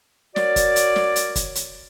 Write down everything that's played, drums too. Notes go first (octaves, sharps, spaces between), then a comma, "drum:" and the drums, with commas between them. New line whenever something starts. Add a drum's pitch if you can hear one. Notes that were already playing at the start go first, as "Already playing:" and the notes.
F#4 A#4 C#5 D5, drum: snare
drum: kick, hi-hat
drum: hi-hat
drum: snare
drum: hi-hat
drum: kick, hi-hat
drum: hi-hat